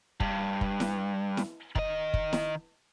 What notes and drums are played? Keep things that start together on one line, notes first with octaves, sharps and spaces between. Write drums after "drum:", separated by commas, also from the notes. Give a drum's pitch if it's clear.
G2, drum: kick
drum: kick
drum: snare E4
drum: snare E4
D#3 D#5, drum: kick
drum: kick
drum: snare E4